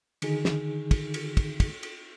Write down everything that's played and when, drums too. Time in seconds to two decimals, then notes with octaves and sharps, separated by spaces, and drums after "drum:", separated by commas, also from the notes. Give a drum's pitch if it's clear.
0.22 D3 D#3 D#4 G#4, drum: cymbal
0.45 drum: snare
0.91 drum: kick, cymbal
1.14 drum: cymbal
1.37 drum: kick, cymbal
1.60 drum: kick, cymbal
1.83 drum: cymbal